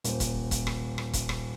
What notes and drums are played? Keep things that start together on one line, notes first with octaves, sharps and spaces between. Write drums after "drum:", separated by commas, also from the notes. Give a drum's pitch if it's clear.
D#1 C5, drum: hi-hat
drum: kick E1, hi-hat
drum: kick E1, hi-hat
drum: rim click
drum: rim click
drum: kick E1, hi-hat
drum: rim click